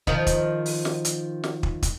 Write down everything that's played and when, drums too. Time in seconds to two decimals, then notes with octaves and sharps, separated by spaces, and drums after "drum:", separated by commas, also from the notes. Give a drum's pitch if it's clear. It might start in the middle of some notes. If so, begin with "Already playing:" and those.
0.07 D#3 F3 D#4, drum: kick
0.27 drum: kick, hi-hat
0.66 drum: open hi-hat
0.85 drum: snare
1.05 drum: hi-hat
1.44 drum: snare
1.63 drum: kick
1.83 drum: kick, hi-hat